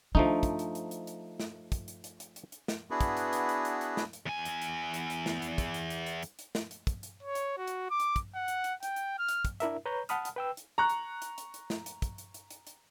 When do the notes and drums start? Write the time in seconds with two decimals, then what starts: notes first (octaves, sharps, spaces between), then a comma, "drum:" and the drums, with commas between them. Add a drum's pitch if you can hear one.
0.15 F3 A3 D4 D#4
0.43 drum: kick, hi-hat
0.59 drum: hi-hat
0.75 drum: hi-hat
0.91 drum: hi-hat
1.07 drum: hi-hat
1.40 drum: snare
1.72 drum: kick, hi-hat
1.88 drum: hi-hat
2.04 drum: hi-hat
2.20 drum: hi-hat
2.36 drum: hi-hat
2.52 drum: hi-hat
2.68 drum: snare
2.91 B3 D4 E4 F#4 G#4 B4
3.01 drum: kick, hi-hat
3.17 drum: hi-hat
3.33 drum: hi-hat
3.49 drum: hi-hat
3.65 drum: hi-hat
3.81 drum: hi-hat
3.97 drum: snare
4.13 drum: hi-hat
4.26 E2 G#5
4.45 drum: hi-hat
4.62 drum: hi-hat
4.94 drum: hi-hat
5.10 drum: hi-hat
5.26 drum: snare
5.42 drum: hi-hat
5.58 drum: kick, hi-hat
5.74 drum: hi-hat
5.90 drum: hi-hat
6.06 drum: hi-hat
6.23 drum: hi-hat
6.39 drum: hi-hat
6.55 drum: snare
6.71 drum: hi-hat
6.87 drum: kick, hi-hat
7.03 drum: hi-hat
7.23 C#5
7.35 drum: hi-hat
7.58 F#4
7.68 drum: hi-hat
7.91 D6
8.00 drum: hi-hat
8.16 drum: kick, hi-hat
8.35 F#5
8.48 drum: hi-hat
8.64 drum: hi-hat
8.83 G5, drum: hi-hat
8.96 drum: hi-hat
9.19 F6
9.29 drum: hi-hat
9.45 drum: kick, hi-hat
9.60 D4 E4 A#4 E5, drum: hi-hat
9.86 B4 C#5 A#5 G6
10.09 F#5 A5 B5 D#6 F6, drum: hi-hat
10.25 drum: hi-hat
10.36 B4 G5 E6
10.57 drum: hi-hat
10.78 A#5 C#6 F#6
10.90 drum: hi-hat
11.22 drum: hi-hat
11.38 drum: hi-hat
11.54 drum: hi-hat
11.70 drum: snare
11.86 drum: hi-hat
12.02 drum: kick, hi-hat
12.18 drum: hi-hat
12.34 drum: hi-hat
12.51 drum: hi-hat
12.67 drum: hi-hat